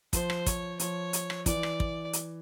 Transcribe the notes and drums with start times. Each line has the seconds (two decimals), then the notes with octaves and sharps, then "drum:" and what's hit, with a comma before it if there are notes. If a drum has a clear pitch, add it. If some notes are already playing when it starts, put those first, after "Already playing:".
0.13 F3 C5, drum: kick, hi-hat
0.30 drum: rim click
0.46 C#5, drum: kick, hi-hat
0.79 F3 C#5, drum: hi-hat
1.13 drum: hi-hat
1.30 drum: rim click
1.46 E3 D5, drum: kick, hi-hat
1.63 drum: rim click
1.80 drum: kick
2.13 drum: hi-hat